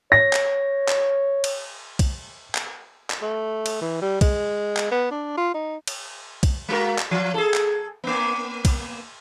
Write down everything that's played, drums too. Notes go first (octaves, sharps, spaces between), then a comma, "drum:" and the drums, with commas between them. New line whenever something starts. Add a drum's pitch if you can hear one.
C#5 A#6
drum: clap
drum: clap
drum: cymbal
drum: kick B1, cymbal
drum: clap
drum: clap
A3
drum: cymbal
E3
G3
G#3, drum: kick B1, cymbal
drum: clap
B3
D4
F4
D#4
drum: cymbal
drum: kick B1, cymbal
G#3 F#4 A#4
drum: clap
F3
G#4 A4
drum: clap
A#3 B3
drum: kick B1, cymbal